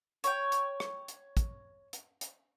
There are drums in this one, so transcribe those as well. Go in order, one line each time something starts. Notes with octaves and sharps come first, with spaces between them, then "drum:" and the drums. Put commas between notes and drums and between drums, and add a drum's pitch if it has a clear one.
C#5 G5, drum: hi-hat
drum: hi-hat
drum: rim click
drum: hi-hat
drum: kick, hi-hat
drum: hi-hat
drum: hi-hat